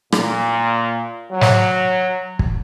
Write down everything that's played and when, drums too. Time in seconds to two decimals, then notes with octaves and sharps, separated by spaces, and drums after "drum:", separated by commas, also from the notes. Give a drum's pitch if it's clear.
0.12 A#2, drum: rim click
1.31 F#3
1.41 drum: snare
2.39 drum: kick